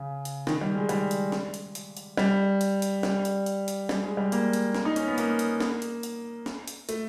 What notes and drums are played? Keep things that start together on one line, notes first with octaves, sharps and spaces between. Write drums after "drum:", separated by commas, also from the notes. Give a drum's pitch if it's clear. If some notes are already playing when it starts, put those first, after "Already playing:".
Already playing: C#3
drum: hi-hat
D#3, drum: snare
G3
G#3
G3, drum: hi-hat
drum: hi-hat
drum: snare
drum: hi-hat
drum: hi-hat
drum: hi-hat
G3, drum: snare
drum: hi-hat
drum: hi-hat
G3, drum: snare
drum: hi-hat
drum: hi-hat
drum: hi-hat
G3, drum: snare
G#3
G3
A#3, drum: hi-hat
drum: hi-hat
A#3, drum: snare
D#4
C#4, drum: hi-hat
B3
A#3, drum: hi-hat
drum: hi-hat
drum: snare
drum: hi-hat
drum: hi-hat
drum: snare
drum: hi-hat
A3, drum: hi-hat